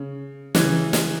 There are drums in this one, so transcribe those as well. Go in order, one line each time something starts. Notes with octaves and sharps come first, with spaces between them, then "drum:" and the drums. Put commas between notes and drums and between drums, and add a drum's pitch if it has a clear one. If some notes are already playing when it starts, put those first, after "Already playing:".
Already playing: C#3
C#3 E3, drum: snare
drum: snare